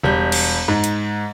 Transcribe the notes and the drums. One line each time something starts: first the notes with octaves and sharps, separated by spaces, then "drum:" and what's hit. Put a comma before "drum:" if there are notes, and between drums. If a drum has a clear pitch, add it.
E1 G3 G6
drum: cymbal
G#2
drum: hi-hat